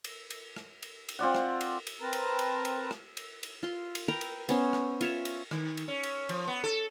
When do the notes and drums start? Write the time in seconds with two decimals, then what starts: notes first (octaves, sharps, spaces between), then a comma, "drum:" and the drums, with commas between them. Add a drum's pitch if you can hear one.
0.04 drum: cymbal
0.30 drum: cymbal
0.56 drum: rim click
0.83 drum: cymbal
1.09 drum: cymbal
1.19 C4 F4 D5 F#5
1.35 drum: rim click
1.61 drum: cymbal
1.87 drum: cymbal
2.01 C4 A#4 B4 A5 A#5
2.13 drum: cymbal
2.39 drum: cymbal
2.65 drum: cymbal
2.91 drum: rim click
3.17 drum: cymbal
3.43 drum: cymbal
3.63 F4 C6
3.95 drum: cymbal
4.08 A#4 B4 G5 A#5
4.21 drum: cymbal
4.49 B3 C#4 C5, drum: cymbal
4.73 drum: rim click
5.01 F4 C#5 E5, drum: cymbal
5.25 drum: cymbal
5.51 D#3, drum: rim click
5.77 drum: cymbal
5.88 C#4
6.03 drum: cymbal
6.29 F3, drum: cymbal
6.47 B3
6.64 A4